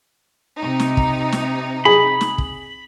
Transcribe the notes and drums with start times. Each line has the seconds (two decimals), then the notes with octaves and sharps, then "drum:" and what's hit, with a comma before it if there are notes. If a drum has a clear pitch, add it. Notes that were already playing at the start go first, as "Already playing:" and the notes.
0.59 C3 D#4
0.80 drum: snare
0.97 drum: kick
1.32 drum: snare
1.85 G#4 B5
2.21 drum: snare
2.38 drum: kick